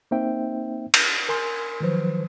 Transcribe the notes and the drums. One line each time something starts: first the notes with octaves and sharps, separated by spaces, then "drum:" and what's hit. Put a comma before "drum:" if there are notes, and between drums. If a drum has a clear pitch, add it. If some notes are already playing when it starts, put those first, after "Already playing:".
A#3 C4 D#4 C5 E5 G5
drum: cymbal
A#4 G#5 C6
D#3 F3 F#3 B4 C5